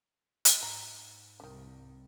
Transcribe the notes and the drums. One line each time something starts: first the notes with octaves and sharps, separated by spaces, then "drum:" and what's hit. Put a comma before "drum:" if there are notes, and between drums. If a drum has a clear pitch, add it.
drum: hi-hat
G#2 A#5
C2 D3 D#3